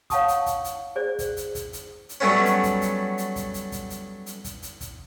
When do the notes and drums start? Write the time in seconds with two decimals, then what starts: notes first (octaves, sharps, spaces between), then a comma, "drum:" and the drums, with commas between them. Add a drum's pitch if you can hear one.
0.10 C#5 F5 F#5 A5 C#6 D#6, drum: kick, hi-hat
0.28 drum: hi-hat
0.46 drum: kick, hi-hat
0.64 drum: hi-hat
0.96 G#4 C5 D5
1.19 drum: kick, hi-hat
1.37 drum: hi-hat
1.55 drum: kick, hi-hat
1.73 drum: hi-hat
2.09 drum: hi-hat
2.20 F#3 G3 A3 B3 C#4
2.45 drum: hi-hat
2.63 drum: kick, hi-hat
2.81 drum: hi-hat
3.18 drum: hi-hat
3.36 drum: kick, hi-hat
3.54 drum: hi-hat
3.72 drum: kick, hi-hat
3.90 drum: hi-hat
4.26 drum: hi-hat
4.44 drum: kick, hi-hat
4.62 drum: hi-hat
4.81 drum: kick, hi-hat